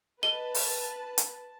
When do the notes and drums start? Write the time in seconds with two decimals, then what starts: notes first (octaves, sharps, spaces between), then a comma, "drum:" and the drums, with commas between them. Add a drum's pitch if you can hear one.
0.23 B4 D#5 A5 G7
0.54 drum: open hi-hat
1.18 drum: hi-hat